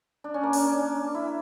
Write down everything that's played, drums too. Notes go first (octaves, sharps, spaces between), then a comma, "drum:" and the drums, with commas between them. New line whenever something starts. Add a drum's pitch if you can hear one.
D4
C#4
A#3
C#4, drum: open hi-hat
D4
E4